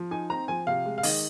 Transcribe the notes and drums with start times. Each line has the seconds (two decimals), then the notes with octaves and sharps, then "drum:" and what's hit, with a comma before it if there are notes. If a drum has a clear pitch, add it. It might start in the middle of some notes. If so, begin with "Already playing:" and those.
Already playing: F3
0.11 D#4 G#5
0.30 C4 A#5
0.48 F3 G#5
0.67 C3 F5
0.86 G#3
0.98 F5
1.03 D#3 D#5, drum: open hi-hat